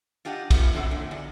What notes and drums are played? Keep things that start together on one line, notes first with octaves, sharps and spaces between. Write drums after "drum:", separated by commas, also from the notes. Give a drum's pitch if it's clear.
D4 F4 G4 D#5 F5 F#5
D3 A3 B3 C#4 F4, drum: kick, cymbal
D3 E3 F#3 C4 E5 F#5
A#2 D3
E2 F#3 D5